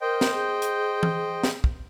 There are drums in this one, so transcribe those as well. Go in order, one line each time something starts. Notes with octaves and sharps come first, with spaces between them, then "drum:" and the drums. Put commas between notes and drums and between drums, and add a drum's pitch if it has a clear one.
A#4 C5 D#5 G5
drum: snare
G#4
drum: hi-hat
drum: tom E3
drum: snare
drum: kick